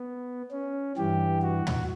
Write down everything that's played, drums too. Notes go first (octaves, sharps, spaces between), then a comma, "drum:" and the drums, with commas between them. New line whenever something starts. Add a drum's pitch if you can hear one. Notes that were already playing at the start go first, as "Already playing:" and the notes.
Already playing: B3
C#4
G2 E3 G4
F#4
drum: tom